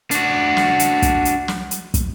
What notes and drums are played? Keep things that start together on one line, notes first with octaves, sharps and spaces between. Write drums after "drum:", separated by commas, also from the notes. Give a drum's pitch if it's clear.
D4 F#4, drum: hi-hat
drum: snare
drum: hi-hat
drum: kick, hi-hat
drum: hi-hat
drum: snare
drum: hi-hat
drum: kick, hi-hat